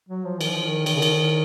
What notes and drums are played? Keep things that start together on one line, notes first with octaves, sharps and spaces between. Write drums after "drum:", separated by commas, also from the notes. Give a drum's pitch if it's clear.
F#3
F3
D#3, drum: cymbal
F3
D#3
D#3, drum: cymbal
C#3
D#3, drum: cymbal